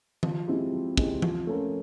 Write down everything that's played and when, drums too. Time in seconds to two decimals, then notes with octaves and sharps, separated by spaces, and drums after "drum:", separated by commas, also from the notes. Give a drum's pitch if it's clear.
0.23 F3, drum: tom D#3
0.47 G#3 C4 E4 G4
0.72 F3
0.97 G#3 C4 E4 G4, drum: kick
1.22 F3, drum: tom E3
1.47 A3 C#4 F4 A#4